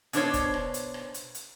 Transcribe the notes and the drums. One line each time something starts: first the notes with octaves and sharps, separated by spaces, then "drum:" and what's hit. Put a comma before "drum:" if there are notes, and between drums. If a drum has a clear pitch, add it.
B2 D4 C5 C#5, drum: hi-hat
drum: kick, hi-hat
drum: rim click
drum: hi-hat
drum: rim click
drum: hi-hat
drum: hi-hat